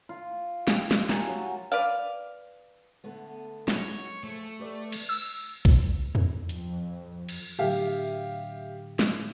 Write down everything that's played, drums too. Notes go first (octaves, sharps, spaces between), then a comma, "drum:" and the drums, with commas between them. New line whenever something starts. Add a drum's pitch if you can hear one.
F4
G4, drum: snare
drum: snare
A#4 F5 G#5 A5, drum: snare
F#3 F#4
B4 D5 F5
D3 A3 B3
F#3 G#3 F#4 C#5, drum: snare
F3 A3 G#4
G4 B4 D5
drum: cymbal
E6
drum: kick B1
drum: tom E2
F2, drum: hi-hat
drum: cymbal
A2 D3 F#3 G4 E5 F5
drum: snare